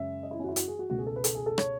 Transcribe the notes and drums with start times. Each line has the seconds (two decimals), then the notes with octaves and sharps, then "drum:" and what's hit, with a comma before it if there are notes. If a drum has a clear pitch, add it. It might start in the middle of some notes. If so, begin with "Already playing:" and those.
Already playing: F#2 C#3 G#3 E5
0.23 D#5
0.31 E4
0.40 C#4
0.44 F#4
0.49 E4
0.56 F#4, drum: hi-hat
0.68 G#4
0.79 F#4
0.90 C#2 B2 A3 F#4
0.98 G#4
1.07 A4
1.16 B4
1.24 A4, drum: hi-hat
1.35 G#4
1.46 A4
1.58 C#5, drum: rim click